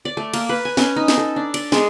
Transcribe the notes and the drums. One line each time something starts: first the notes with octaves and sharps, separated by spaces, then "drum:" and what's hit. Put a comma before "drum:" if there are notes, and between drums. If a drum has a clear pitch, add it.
D5
A3
A#3, drum: cymbal
B4
G#5
C#4, drum: snare
D#4
drum: snare
A4
D4
D5, drum: cymbal
G#3, drum: snare